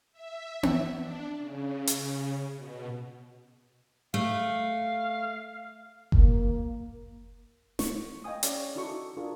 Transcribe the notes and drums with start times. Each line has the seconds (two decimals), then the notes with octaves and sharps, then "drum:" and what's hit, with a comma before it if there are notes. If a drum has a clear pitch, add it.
0.12 E5
0.63 drum: tom B3
0.98 D4
1.38 C#3
1.87 drum: hi-hat
2.56 B2
4.14 A3 F5
6.12 A#3, drum: kick F#1
7.79 C#6, drum: snare
8.24 D#5 F5 G5 G#5 D#6
8.43 C#4 G#4 C#5 D5, drum: hi-hat
8.76 D#4 E4 F#4 A4 C#6
9.17 D4 F4 G#4 A#4